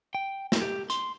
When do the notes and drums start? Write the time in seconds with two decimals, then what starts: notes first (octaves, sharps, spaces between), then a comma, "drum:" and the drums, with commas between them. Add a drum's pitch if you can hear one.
0.15 G5
0.52 drum: snare
0.62 G4
0.90 C6, drum: hi-hat